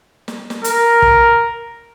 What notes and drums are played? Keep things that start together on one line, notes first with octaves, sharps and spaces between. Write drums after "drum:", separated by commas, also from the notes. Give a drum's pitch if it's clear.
drum: snare
drum: snare
A#4, drum: hi-hat
drum: kick